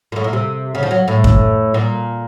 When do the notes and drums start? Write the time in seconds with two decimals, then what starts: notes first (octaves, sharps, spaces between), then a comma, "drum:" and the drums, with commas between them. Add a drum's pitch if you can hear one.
0.12 A#2
0.16 A2
0.24 A#2
0.33 C3
0.75 C#3
0.83 F3
0.91 F#3
1.08 A2
1.24 drum: kick F#2
1.74 A#2